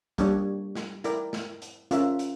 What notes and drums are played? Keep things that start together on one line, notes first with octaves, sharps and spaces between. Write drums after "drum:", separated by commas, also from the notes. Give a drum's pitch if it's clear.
G3 A#3 D4 G4 C#5, drum: kick, hi-hat
drum: snare
E4 A#4 D5 G5, drum: hi-hat
drum: snare
drum: hi-hat
C#4 F4 A#4 E5, drum: hi-hat
drum: hi-hat